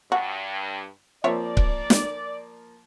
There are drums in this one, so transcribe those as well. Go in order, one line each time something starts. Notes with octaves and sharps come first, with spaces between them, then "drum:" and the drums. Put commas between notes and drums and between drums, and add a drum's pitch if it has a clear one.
G2 F#4
F3 A#3 C4 C#5 D5 E5
drum: kick C#1
drum: snare